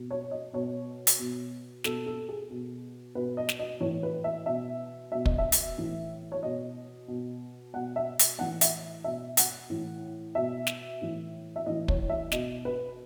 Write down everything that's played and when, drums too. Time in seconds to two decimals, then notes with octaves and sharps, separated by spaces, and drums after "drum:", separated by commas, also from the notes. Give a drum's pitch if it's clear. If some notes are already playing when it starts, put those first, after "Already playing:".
Already playing: B2
0.11 C#5
0.31 D#5
0.53 B2 C#5
1.07 drum: hi-hat
1.19 B2
1.84 B2 A4, drum: snare
2.06 A4
2.29 G#4
2.50 B2
3.15 B2 B4
3.37 D#5
3.49 drum: snare
3.59 D#5
3.80 A2 E3 C#5
4.03 B4
4.24 E5
4.46 B2 E5
5.12 B2 E5
5.26 D#5, drum: kick
5.38 E5
5.52 drum: hi-hat
5.78 A2 E3
6.32 C#5
6.43 B2 D#5
7.08 B2
7.74 B2 F#5
7.96 E5
8.19 drum: hi-hat
8.39 A2 E3 F#5
8.61 E5, drum: hi-hat
9.04 B2 E5
9.37 F#5, drum: hi-hat
9.70 A2 E3
10.35 B2 E5
10.67 drum: snare
11.01 A2 E3
11.56 E5
11.66 A2 E3 D#5
11.88 C#5, drum: kick
12.09 E5
12.32 B2 D#5, drum: snare
12.65 B4